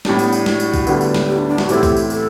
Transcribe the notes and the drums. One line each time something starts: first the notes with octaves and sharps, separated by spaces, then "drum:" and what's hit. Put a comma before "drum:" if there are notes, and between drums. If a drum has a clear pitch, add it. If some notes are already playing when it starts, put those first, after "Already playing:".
A2 G3 B3 D4, drum: snare
drum: tambourine
drum: tambourine
F#4, drum: snare
drum: tambourine
drum: kick B1, tambourine
D2 D3 G3 B3, drum: tambourine
drum: tambourine
drum: snare
G4
D4
D4
F#4, drum: snare
A2 E3 A3 C4 E4 G4, drum: tambourine
drum: kick B1, tambourine
drum: tambourine
A4, drum: tambourine